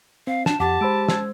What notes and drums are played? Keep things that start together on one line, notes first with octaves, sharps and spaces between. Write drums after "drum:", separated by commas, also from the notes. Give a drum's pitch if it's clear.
C4 F5
D4 A5 E7, drum: snare
F2 G4 F#5 A5 D6
G#3 C5 B5 E6 D7
E6 G#6, drum: snare